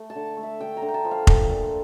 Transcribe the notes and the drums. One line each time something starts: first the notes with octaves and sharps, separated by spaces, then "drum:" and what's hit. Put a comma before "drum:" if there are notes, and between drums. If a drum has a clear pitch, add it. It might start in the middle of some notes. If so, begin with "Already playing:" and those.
Already playing: A3
A5
D3
A3
E5
D3 G5
A#5
D3
G5
A5
F3
F5
A3 A4, drum: kick F1
A#2